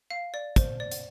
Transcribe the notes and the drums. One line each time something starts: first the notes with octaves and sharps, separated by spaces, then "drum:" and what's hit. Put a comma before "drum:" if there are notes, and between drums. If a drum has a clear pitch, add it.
F5
D5
C5, drum: kick, hi-hat
D5
drum: hi-hat